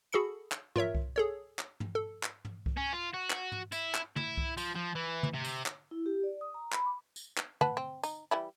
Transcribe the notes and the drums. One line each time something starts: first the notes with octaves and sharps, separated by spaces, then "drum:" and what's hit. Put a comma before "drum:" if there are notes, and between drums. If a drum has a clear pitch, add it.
F#4 G#4 A4 B5 C#7
drum: clap
F4 A#4 C#5 E5, drum: tom
drum: kick C2
G#4 A4 C#5
drum: clap
drum: tom
A4
drum: clap
drum: tom
drum: kick C2
C#4
F4
F#4
drum: clap
drum: tom
E4, drum: tambourine
drum: clap
E4, drum: tom
drum: kick C2
F3, drum: tambourine
F3
E3
drum: tom
C3
drum: tambourine
drum: clap
E4
G4
D5
D#6
A#5
B5, drum: clap
D6
drum: tambourine
drum: clap
B4 F#5 A5, drum: tom
C4
D#4, drum: tambourine
E3 G3 E4